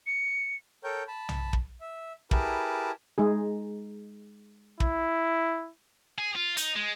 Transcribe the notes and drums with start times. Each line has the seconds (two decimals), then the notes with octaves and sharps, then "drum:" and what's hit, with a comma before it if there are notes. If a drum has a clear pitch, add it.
0.06 C#7
0.84 A4 A#4 C#5 G5 G6
1.08 A5 B5
1.29 drum: tom B1
1.53 drum: kick
1.81 E5
2.31 E4 G4 G#4 A#4 B4 A5, drum: kick
3.18 G#3 D#4 G#4
4.80 E4, drum: kick
6.18 G#4
6.35 F4
6.57 D#4, drum: hi-hat
6.75 G#3